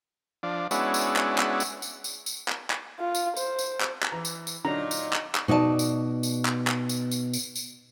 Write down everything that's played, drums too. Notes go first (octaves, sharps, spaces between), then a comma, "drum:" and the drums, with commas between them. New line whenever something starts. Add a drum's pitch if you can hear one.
F3 D4
G#3 B3 C#4 D4 E4 F#4, drum: tambourine
drum: tambourine
drum: clap
drum: clap
drum: tambourine
drum: tambourine
drum: tambourine
drum: tambourine
drum: clap
drum: clap
F4
drum: tambourine
C5, drum: tambourine
drum: tambourine
drum: clap
drum: clap
E3 A#5
drum: tambourine
drum: tambourine
A#2 D3 F#3 D#4 A#5
drum: tambourine
drum: clap
drum: clap
B2 D#4 D5 D#5 A5
drum: tambourine
drum: tambourine
drum: clap
drum: clap
drum: tambourine
drum: tambourine
drum: tambourine
drum: tambourine